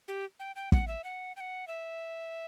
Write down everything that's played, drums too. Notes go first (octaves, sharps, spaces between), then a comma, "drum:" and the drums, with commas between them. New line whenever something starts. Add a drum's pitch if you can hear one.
G4
G5
G5
F#5, drum: kick
E5
F#5
G5
F#5
E5